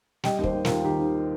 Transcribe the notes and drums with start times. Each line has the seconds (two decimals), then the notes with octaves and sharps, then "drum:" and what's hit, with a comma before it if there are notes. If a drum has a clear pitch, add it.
0.24 G3 D#5 G5, drum: snare
0.39 D#2
0.44 G4 C5, drum: kick
0.54 D#2
0.65 D#2 F4 A#4, drum: snare
0.84 D#3 D#4 G4
1.00 D#3